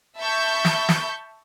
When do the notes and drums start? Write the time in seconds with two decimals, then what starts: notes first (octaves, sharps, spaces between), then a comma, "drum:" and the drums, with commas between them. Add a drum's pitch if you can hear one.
0.17 E5 A5 B5 C#6 G6
0.65 drum: snare
0.89 drum: snare